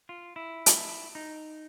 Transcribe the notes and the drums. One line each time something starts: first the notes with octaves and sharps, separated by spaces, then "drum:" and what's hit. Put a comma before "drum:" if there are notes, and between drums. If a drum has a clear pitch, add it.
F4
E4
drum: hi-hat
D#4